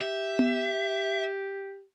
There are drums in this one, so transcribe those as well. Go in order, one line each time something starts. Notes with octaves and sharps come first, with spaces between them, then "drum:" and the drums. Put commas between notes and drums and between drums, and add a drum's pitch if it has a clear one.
G4 E5
drum: tom B3